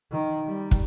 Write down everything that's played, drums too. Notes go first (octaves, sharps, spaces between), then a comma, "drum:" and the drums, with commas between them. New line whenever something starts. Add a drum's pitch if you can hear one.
D#3
G3
drum: kick